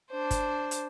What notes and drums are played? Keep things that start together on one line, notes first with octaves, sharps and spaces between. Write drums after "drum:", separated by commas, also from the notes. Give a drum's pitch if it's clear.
D4 C5
drum: kick, hi-hat
drum: hi-hat